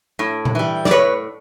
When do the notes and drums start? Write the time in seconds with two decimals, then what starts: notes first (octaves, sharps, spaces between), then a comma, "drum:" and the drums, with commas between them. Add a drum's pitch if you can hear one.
0.19 A2
0.45 drum: tom A#2
0.55 E3 G3
0.85 D5, drum: snare
0.91 A2 B4 C#5